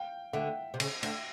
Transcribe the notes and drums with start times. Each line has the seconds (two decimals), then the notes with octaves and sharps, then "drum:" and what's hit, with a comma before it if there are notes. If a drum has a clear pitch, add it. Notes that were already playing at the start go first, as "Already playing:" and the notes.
Already playing: F5 G5
0.33 D2 D3 E5 F#5
0.74 C3
0.80 C#3, drum: cymbal
1.03 D2 D3, drum: cymbal